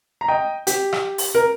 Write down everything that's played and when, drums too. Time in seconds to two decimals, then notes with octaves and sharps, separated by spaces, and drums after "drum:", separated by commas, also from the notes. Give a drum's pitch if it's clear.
0.21 A#5
0.28 D#5 G5
0.67 G4, drum: hi-hat
0.93 drum: rim click
1.18 drum: open hi-hat
1.35 A#4